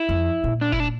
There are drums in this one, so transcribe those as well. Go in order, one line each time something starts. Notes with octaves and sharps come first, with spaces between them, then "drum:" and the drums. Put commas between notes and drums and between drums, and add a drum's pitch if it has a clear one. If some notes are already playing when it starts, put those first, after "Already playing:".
Already playing: E4
F2
A#2
D4
E4, drum: kick F1
D4